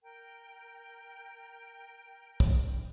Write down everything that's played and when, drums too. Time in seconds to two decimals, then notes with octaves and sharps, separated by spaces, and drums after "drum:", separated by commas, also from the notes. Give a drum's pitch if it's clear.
0.03 A#4 G5
2.40 drum: kick